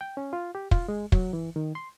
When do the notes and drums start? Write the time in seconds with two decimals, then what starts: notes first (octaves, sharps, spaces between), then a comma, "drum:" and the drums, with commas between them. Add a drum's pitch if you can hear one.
0.01 G5
0.17 C#4
0.33 F4
0.55 G4
0.71 F4, drum: kick
0.88 G#3
1.12 F#3, drum: kick
1.33 E3
1.56 D#3
1.75 C6